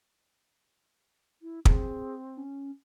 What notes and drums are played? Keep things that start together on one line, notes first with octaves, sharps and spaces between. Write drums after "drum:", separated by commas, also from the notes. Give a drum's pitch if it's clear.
E4
C4 G#4, drum: kick
C#4